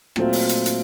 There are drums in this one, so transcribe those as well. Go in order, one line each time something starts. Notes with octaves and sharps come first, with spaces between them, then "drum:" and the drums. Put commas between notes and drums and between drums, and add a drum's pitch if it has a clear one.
A#2 F#3 A3 C4 F4, drum: rim click
drum: open hi-hat
drum: hi-hat
drum: hi-hat